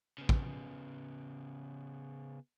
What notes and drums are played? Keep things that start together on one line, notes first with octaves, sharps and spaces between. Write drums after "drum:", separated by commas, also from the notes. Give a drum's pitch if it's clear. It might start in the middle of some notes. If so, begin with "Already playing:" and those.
C#3 B3
drum: kick